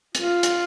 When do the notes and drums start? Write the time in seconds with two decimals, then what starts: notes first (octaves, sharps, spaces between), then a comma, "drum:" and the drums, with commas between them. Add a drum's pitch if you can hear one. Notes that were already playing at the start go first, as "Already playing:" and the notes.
0.15 F4, drum: hi-hat
0.43 drum: hi-hat